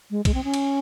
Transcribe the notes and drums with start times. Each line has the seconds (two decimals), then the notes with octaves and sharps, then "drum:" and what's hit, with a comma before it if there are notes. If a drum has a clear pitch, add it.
0.11 G#3
0.25 G#3, drum: kick B1, cymbal
0.34 C4
0.44 C#4
0.54 drum: cymbal